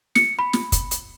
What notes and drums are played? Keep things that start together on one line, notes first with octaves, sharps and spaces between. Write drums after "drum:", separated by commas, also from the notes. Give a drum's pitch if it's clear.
C#7, drum: snare
B5
drum: snare
drum: kick, hi-hat
drum: hi-hat